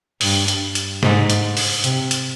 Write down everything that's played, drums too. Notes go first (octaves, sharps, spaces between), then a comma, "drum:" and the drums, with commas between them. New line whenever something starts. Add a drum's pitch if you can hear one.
G2, drum: open hi-hat
drum: hi-hat
drum: hi-hat
G#2, drum: snare
drum: hi-hat
drum: open hi-hat
C3, drum: hi-hat
drum: hi-hat